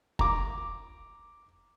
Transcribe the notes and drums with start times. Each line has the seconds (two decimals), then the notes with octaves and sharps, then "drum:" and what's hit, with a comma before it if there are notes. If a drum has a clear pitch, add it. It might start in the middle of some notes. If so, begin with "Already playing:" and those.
0.19 A#5 D6, drum: kick